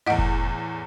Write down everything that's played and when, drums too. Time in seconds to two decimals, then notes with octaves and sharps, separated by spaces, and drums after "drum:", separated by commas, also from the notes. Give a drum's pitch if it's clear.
0.06 E2 A2 D#5 F#5
0.18 drum: kick F1